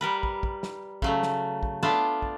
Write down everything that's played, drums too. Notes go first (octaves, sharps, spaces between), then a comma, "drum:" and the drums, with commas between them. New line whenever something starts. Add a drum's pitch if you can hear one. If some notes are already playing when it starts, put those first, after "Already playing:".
G3 A#4 B4
drum: kick
drum: kick
drum: snare
C#3 F#3 A3, drum: kick
drum: snare
drum: kick
A3 B3 D4 F4 A5
drum: kick